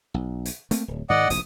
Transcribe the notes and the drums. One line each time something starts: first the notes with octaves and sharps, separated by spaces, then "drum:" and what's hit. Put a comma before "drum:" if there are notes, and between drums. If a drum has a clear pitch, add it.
B1
drum: hi-hat
A3 A#3 C4, drum: hi-hat
D1
G#2 D#3 G#3 D5 D#5 F#5
F1 A#1 E2 D#6, drum: hi-hat